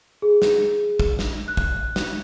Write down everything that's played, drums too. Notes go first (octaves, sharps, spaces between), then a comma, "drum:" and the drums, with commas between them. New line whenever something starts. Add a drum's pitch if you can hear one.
G#4
drum: snare
drum: kick
drum: snare
F#6
drum: kick
drum: snare